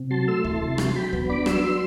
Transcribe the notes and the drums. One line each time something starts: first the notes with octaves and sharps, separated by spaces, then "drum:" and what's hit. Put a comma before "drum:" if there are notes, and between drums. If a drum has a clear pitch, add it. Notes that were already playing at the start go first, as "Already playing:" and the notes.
Already playing: C3
F#3 A5 C6
A3 C6 E6
E4 A5 C6, drum: kick
C3
F#3, drum: rim click
F#3 G5 B5
B3, drum: kick
D4 B5 D6
F#3 C6 E6, drum: rim click
F#3